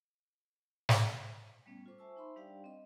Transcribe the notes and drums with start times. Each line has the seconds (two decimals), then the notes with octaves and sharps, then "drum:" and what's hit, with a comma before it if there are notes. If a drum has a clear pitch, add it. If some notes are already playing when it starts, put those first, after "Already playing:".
0.89 drum: snare
1.66 G3 A3 B3 C#4
1.86 F4 A4 C5 C#6 D6
1.98 C5 E5 G#5 A5 C#6 E6
2.16 D#4 C5 E5 B5 C6
2.36 G3 D4 G4 D5 F5 G5
2.64 C4 D#5